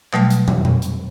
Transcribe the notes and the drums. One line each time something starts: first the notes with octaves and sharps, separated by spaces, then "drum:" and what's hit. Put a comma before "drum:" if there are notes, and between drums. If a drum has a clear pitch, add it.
B2 F#3 G3 A3, drum: clap
drum: hi-hat
drum: tom
drum: tom
drum: hi-hat